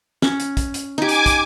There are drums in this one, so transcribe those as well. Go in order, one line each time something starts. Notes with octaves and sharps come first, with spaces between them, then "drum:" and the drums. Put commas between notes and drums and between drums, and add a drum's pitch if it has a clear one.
C#4, drum: snare
drum: hi-hat
drum: kick, hi-hat
drum: hi-hat
D#4 G4 G#5 D6
drum: hi-hat
drum: kick, hi-hat